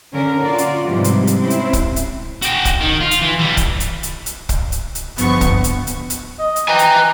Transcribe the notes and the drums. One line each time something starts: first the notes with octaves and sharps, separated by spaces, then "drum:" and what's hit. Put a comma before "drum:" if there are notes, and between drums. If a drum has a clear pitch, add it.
D3 C#4 D4 A#4
F4 F#4 D5
drum: hi-hat
G#2 C3 E3 F3 G3
drum: hi-hat
drum: hi-hat
C4 C#4 E4
drum: hi-hat
drum: kick, hi-hat
drum: hi-hat
F#4 G5, drum: hi-hat
drum: kick, hi-hat
D#3
F4
drum: hi-hat
E3
E3 G3
drum: kick, hi-hat
drum: hi-hat
drum: hi-hat
drum: hi-hat
drum: kick, hi-hat
drum: hi-hat
drum: hi-hat
G1 F3 B3 C#6, drum: hi-hat
drum: kick, hi-hat
drum: hi-hat
drum: hi-hat
drum: hi-hat
D#5
drum: hi-hat
B4 G5 G#5 A#5
drum: hi-hat